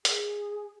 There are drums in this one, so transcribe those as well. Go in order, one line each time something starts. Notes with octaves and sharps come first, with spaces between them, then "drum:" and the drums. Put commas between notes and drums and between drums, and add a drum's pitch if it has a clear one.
G#4, drum: hi-hat